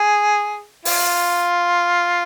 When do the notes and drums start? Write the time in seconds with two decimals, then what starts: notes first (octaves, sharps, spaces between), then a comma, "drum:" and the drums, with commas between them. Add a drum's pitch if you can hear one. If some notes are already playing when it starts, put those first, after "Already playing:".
Already playing: G#4
0.85 F4, drum: open hi-hat